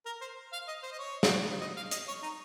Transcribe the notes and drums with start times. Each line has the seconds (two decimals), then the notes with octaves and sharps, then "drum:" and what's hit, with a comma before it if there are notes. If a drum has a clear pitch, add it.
0.06 A#4
0.21 C5
0.53 F5
0.68 D#5
0.83 C5
0.92 D#5
0.99 C#5
1.23 drum: snare
1.61 D#5
1.76 F5
1.91 D#5, drum: hi-hat
2.08 C#5
2.22 D#4